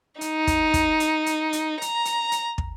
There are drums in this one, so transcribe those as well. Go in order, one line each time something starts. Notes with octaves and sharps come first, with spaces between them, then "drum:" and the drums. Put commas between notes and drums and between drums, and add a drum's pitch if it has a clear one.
D#4, drum: hi-hat
drum: kick, hi-hat
drum: kick, hi-hat
drum: hi-hat
drum: hi-hat
drum: hi-hat
A#5, drum: hi-hat
drum: hi-hat
drum: hi-hat
drum: kick